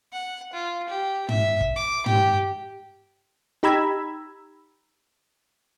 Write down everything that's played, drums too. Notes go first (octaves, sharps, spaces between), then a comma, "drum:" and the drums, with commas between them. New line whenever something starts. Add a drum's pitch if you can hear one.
F#5
F4
G4
E5, drum: tom
drum: kick
D6
G4, drum: tom
D#4 G4 A#5 B5 E6 G#6